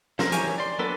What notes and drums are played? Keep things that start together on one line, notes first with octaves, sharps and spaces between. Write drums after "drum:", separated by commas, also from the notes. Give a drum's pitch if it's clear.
F3 C4 A#4, drum: snare
E3 F#3 G4 A#4 C#5 G#5, drum: hi-hat
D5 C6
F#3 A#3 B3 D4 A4 B4